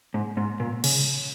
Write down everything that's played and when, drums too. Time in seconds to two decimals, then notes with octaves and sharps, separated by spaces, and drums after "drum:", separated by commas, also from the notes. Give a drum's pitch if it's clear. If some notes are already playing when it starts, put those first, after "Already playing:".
0.14 G#2
0.37 G#2
0.60 A#2
0.84 C#3, drum: cymbal